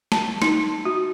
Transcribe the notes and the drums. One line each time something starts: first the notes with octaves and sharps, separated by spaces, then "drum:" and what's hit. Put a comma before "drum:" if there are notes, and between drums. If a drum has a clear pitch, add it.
A5, drum: snare
D#4, drum: snare
F#4